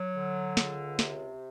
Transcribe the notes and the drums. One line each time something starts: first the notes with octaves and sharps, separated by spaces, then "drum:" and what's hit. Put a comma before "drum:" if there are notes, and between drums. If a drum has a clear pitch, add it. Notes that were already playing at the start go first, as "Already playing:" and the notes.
Already playing: F#3
D3
C#2, drum: snare
C3, drum: snare